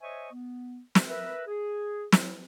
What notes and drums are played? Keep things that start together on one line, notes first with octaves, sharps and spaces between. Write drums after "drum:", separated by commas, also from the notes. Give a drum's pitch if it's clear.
C5 C#5 D#5 E5 G#5 C#6
B3
drum: snare
A#4 B4 E5
G#4
F#3 E4, drum: snare